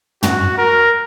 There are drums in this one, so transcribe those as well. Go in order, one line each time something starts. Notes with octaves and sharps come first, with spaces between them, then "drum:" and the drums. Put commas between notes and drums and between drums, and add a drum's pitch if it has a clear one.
F#4, drum: tom
A#4